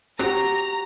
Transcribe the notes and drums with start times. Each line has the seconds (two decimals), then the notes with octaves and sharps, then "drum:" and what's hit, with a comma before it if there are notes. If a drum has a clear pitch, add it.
0.19 F#4 G4 A#5, drum: rim click